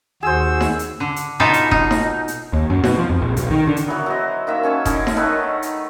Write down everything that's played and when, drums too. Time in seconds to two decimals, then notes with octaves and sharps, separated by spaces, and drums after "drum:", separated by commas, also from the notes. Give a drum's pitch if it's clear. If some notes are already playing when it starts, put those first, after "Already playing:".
0.23 D#2 F#4 G#4 C5 E6
0.61 drum: snare D#4
0.79 drum: hi-hat
1.00 D3
1.16 drum: hi-hat
1.40 B2 D#4 F4 A4 E5
1.53 drum: hi-hat
1.71 D#4, drum: kick F1
1.91 drum: snare D#4
2.28 drum: hi-hat
2.53 D#2
2.70 F#2
2.84 B2, drum: snare D#4
2.98 F3
3.10 F2
3.21 A#1
3.37 B1, drum: hi-hat
3.51 D#3
3.67 D3
3.77 drum: hi-hat
3.86 E3 F#3 B3 A#4
4.06 F#3 C5 D#5
4.47 D#3 A#3 E5
4.63 C#4 F#5 G#5 A5
4.85 D3 C#4 D#4, drum: kick F1, hi-hat
5.07 drum: snare D#4
5.16 D#3 A3 D#4 B4
5.62 drum: hi-hat